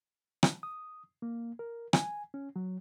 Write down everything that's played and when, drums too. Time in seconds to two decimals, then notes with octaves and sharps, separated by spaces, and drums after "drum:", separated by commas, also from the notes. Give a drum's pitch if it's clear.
0.43 drum: rim click
0.63 D#6
1.22 A#3
1.59 A#4
1.93 G#5, drum: rim click
2.34 C#4
2.56 F#3